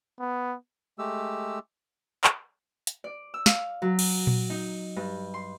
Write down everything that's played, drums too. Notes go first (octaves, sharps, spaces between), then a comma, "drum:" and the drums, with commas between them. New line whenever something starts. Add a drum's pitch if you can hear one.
B3
G#3 A3 G4 E6
drum: clap
drum: hi-hat
D5
E6
F5, drum: snare
F#3
drum: cymbal
drum: tom A#2
D#4
G2
C6